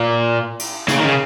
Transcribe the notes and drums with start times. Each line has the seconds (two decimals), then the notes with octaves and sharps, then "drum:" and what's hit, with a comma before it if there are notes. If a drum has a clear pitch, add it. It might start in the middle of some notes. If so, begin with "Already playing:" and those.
Already playing: A#2
0.59 drum: cymbal
0.88 C#3, drum: snare
0.97 D#3
1.04 C#3